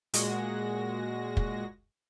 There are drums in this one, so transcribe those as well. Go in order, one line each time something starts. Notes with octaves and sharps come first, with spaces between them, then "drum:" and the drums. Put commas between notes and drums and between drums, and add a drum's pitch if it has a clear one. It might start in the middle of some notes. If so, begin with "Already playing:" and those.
A#2 G#3 F#4 A#6, drum: hi-hat
drum: kick